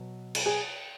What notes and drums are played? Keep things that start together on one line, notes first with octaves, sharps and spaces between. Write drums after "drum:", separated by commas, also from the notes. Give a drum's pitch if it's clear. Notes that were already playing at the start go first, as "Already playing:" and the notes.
Already playing: B2 F#3
drum: cymbal
G#4